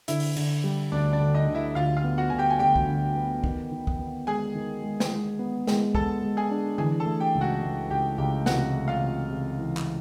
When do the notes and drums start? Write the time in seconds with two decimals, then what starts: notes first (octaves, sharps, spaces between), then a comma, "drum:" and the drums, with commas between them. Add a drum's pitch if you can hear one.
0.08 D3 E4 E5, drum: hi-hat
0.20 drum: open hi-hat
0.36 D3, drum: cymbal
0.64 G3
0.92 D2 D4 D5
1.13 D4 D5
1.20 D3
1.34 D#4 D#5
1.47 D3
1.55 E4 E5
1.75 D2 F4 F5
1.97 F4 F5
2.04 B3
2.18 F#4 F#5
2.30 D2 G#5
2.38 G4 G5
2.50 G#5
2.59 D2 G4 G5
2.76 drum: kick
2.88 D3
3.16 B3
3.44 D#3, drum: kick
3.72 D#3
3.87 drum: kick
3.99 B3
4.27 G#3 G#4 G#5
4.55 D#3
4.83 G#3
5.00 drum: snare
5.12 G#3
5.39 B3
5.67 G#3, drum: snare
5.95 B3 A4 A5, drum: kick
6.22 G#3
6.37 G#4 G#5
6.51 D4
6.78 E3 G#4 G#5, drum: tom D3
7.00 A4 A5
7.06 A3
7.20 G4 G5
7.35 C#2
7.41 F#4 F#5
7.62 C#2
7.90 C#2 G4 G5
8.18 C#2 G4 G5
8.46 C3 F#4 F#5, drum: snare
8.74 A3
8.88 F4 F5
9.02 C3
9.30 C3
9.58 E3
9.77 drum: clap